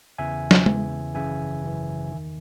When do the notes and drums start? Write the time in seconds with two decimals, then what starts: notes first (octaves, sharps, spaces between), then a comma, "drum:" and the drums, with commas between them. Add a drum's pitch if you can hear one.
0.18 E2 C#3 E3 E5 G#5
0.51 drum: snare
0.66 E2 C#3 E3, drum: tom G#3
1.14 G#1 F#2 C#3 E3 E5 G#5
1.63 G#1 F#2 C#3 E3
2.12 E2 D#3